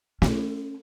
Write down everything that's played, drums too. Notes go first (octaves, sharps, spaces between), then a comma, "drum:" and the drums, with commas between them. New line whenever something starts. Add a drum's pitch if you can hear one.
C#4, drum: snare